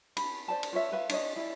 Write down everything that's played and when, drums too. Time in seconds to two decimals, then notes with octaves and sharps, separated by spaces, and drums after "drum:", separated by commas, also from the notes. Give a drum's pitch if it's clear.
0.17 B5, drum: cymbal
0.48 C5 D5 A5
0.63 drum: cymbal
0.73 F4 C#5 E5
0.92 B4 C#5 E5 F5
1.09 D4 C#5 D#5, drum: cymbal
1.36 E4 D5